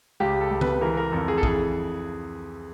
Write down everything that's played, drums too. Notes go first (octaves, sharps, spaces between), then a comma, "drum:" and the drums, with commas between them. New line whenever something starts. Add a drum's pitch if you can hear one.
C#2 G4
A4
C#2
B4, drum: tom D3
E3 A#4
A#4
F2 A4
G#4
A4
E3 G#4, drum: kick A#1